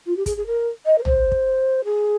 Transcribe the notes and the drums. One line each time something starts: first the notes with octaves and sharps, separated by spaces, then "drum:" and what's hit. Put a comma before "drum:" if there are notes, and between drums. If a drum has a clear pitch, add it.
F4
G4
G#4, drum: kick, hi-hat
G#4
A#4
D#5
A#4
C5, drum: tom A#1
drum: kick
G#4